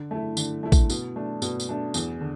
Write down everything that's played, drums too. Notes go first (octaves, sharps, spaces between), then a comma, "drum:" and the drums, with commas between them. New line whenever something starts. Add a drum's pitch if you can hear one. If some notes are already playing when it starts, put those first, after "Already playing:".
Already playing: D3
A3 E4
D3, drum: tambourine
A3 E4
drum: kick, tambourine
B2, drum: tambourine
A3 D4
B2, drum: tambourine
drum: tambourine
A3 D4
E2, drum: tambourine
D3